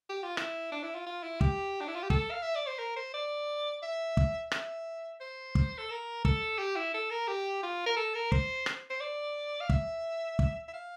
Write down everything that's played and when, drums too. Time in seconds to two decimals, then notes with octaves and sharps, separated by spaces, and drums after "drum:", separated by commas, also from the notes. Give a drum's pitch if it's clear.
0.09 G4
0.23 F4
0.37 E4, drum: rim click
0.72 D4
0.83 E4
0.95 F4
1.06 F4
1.23 E4
1.41 G4, drum: kick
1.81 D4
1.88 E4
1.96 F4
2.03 G4
2.10 A4, drum: kick
2.31 F5
2.43 E5
2.55 D5
2.67 C5
2.79 A#4
2.96 C5
3.14 D5
3.83 E5
4.17 drum: kick
4.52 E5, drum: rim click
5.21 C5
5.55 drum: kick
5.78 A4
5.90 A#4
6.25 A4, drum: kick
6.59 G4
6.76 E4
6.94 A4
7.11 A#4
7.28 G4
7.63 F4
7.86 A#4
7.97 A4
8.15 A#4
8.32 C5, drum: kick
8.66 drum: rim click
8.90 C5
9.00 D5
9.61 F5
9.69 E5, drum: kick
10.39 drum: kick
10.68 E5
10.74 F5